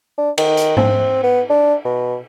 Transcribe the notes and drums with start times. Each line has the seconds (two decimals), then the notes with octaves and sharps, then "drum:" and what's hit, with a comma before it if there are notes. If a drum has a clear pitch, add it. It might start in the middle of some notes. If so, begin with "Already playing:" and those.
0.18 D4
0.38 D#3, drum: cymbal
0.57 drum: hi-hat
0.77 C4, drum: tom G#2
1.23 B3
1.50 D4
1.84 B2